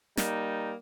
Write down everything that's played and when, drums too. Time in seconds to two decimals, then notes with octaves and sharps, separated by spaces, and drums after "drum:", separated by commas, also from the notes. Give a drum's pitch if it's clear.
0.17 G3 A#3 D#4, drum: snare